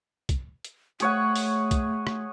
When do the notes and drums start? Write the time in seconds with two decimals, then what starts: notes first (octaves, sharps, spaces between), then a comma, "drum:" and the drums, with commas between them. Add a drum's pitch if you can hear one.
0.29 drum: kick, hi-hat
0.65 drum: hi-hat
1.00 A3 G#4 C#5 F#5, drum: hi-hat
1.36 drum: open hi-hat
1.71 drum: kick, hi-hat
2.07 drum: rim click